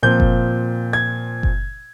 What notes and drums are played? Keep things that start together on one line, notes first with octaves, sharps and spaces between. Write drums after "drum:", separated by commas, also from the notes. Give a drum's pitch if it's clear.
A#2 F3 C4 G6
drum: kick F#1
G#6
drum: kick F#1